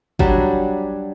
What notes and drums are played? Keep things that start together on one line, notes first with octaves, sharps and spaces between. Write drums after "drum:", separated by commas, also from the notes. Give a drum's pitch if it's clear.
F#3 G3 D4, drum: kick